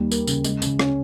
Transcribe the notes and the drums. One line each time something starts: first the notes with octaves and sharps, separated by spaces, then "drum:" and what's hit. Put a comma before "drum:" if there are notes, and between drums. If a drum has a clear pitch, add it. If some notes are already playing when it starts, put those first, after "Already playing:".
Already playing: D#2 G3
A#3, drum: tambourine
C#3, drum: tambourine
G#3, drum: tambourine
C#3, drum: tambourine
C#4, drum: rim click